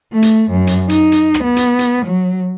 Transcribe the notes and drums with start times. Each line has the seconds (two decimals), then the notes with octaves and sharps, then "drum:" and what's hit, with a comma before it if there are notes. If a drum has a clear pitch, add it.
0.13 A3
0.22 drum: hi-hat
0.51 F#2
0.67 drum: hi-hat
0.89 D#4, drum: hi-hat
1.12 drum: hi-hat
1.34 drum: rim click
1.43 B3
1.56 drum: hi-hat
1.79 drum: hi-hat
2.05 F#3